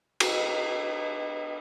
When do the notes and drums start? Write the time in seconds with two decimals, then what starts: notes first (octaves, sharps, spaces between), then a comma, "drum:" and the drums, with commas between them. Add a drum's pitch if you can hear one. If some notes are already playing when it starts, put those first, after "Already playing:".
0.20 B4 D#5, drum: cymbal